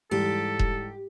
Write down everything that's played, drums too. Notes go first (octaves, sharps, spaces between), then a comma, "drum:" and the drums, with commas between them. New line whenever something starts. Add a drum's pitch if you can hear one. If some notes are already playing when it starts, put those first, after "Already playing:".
G#2 E3 G3 G4 A4
drum: kick E1